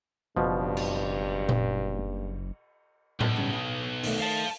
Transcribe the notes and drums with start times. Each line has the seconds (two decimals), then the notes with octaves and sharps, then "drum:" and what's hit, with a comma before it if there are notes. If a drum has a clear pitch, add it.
0.36 F#1 G2 B2 F3
0.77 drum: cymbal
1.49 drum: tom A#2
3.21 B1, drum: tom A2
3.36 G2 C#3
3.53 G#4
4.03 D#3 A3, drum: open hi-hat
4.20 F5 A5